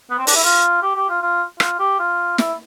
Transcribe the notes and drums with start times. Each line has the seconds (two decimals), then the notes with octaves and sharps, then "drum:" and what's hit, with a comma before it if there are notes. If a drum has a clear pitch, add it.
0.10 B3
0.18 C4
0.27 D4, drum: open hi-hat
0.35 E4
0.44 F4
0.82 G4
0.95 G4
1.09 F4
1.22 F4
1.60 F4, drum: rim click
1.79 G4
1.99 F4
2.38 E4, drum: snare